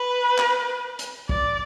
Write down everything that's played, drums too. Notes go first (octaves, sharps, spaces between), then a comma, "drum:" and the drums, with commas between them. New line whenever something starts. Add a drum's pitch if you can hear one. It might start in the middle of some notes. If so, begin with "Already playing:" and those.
Already playing: B4
drum: clap
drum: hi-hat
D5, drum: kick